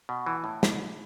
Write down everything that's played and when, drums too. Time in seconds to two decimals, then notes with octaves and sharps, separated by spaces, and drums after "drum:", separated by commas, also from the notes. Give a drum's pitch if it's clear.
0.09 B2
0.26 E3
0.44 A2
0.63 drum: snare